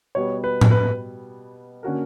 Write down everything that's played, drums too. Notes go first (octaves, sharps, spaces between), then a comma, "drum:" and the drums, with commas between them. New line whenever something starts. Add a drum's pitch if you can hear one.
B2 G3 B3 C#5
B4
drum: tom A2
B4
D3 A#3 C#4 F#4 A#4